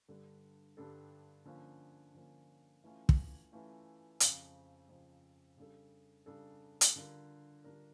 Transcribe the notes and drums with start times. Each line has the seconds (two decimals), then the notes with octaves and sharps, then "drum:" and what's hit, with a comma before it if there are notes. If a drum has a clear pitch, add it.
0.08 G2 D3 G3 D4 A4
0.77 G2 D3 G3 D4 A4
1.46 D3 F3 A#3 C#4
2.14 D3 F3 A#3 C#4
2.84 E3 A3 C#4 F4
3.09 drum: kick
3.52 E3 A3 C#4 F4
4.20 F2 C#3 F3, drum: hi-hat
4.89 F2 C#3 F3
5.57 C#3 G3 D4 A4
6.26 C#3 G3 D4 A4
6.81 drum: hi-hat
6.96 D3 G3 D4 F4 A#4
7.64 D3 G3 D4 F4 A#4